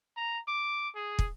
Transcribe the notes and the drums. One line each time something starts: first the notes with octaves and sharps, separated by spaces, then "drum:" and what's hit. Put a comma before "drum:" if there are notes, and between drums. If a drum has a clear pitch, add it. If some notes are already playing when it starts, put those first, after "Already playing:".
A#5
D6
G#4
drum: kick